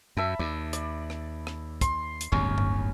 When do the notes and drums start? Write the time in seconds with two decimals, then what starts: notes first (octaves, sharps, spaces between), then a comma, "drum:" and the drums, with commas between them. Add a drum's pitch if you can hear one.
0.17 F#2 E5 A5 B5
0.39 D#2 D5
0.73 D5, drum: hi-hat
1.10 drum: rim click
1.47 drum: rim click
1.81 C6, drum: kick, hi-hat
2.21 drum: hi-hat
2.32 D1 G1 D#2 C#4
2.58 drum: tom G2